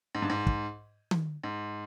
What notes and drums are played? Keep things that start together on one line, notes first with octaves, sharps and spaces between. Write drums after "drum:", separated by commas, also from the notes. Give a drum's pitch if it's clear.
G#2
G2
G#2
drum: kick
drum: tom D#3
G#2